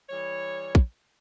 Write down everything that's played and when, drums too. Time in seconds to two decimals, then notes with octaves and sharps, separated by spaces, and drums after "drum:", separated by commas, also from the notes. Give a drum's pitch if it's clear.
0.09 E3 G3 C#5
0.75 drum: kick